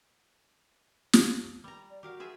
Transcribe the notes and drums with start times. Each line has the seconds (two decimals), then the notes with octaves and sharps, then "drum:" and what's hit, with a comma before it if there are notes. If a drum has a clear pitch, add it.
1.13 drum: snare
1.64 G3 A#5
1.91 D5
2.03 F#4 G4 A#4 F5
2.20 F4 G#4 E5